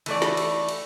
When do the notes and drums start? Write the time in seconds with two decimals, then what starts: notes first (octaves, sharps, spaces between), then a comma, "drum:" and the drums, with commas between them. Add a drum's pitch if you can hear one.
0.06 E3 A3 D5, drum: cymbal
0.22 drum: snare
0.37 drum: cymbal
0.69 drum: cymbal